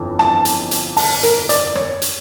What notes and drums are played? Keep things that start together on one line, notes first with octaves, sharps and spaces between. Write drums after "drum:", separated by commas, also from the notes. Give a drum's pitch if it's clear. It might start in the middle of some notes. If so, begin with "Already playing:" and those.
Already playing: G1 F2 E3
A5, drum: rim click
drum: hi-hat
drum: hi-hat
A5, drum: open hi-hat
A#4, drum: hi-hat
D5, drum: hi-hat
C#5, drum: rim click
drum: hi-hat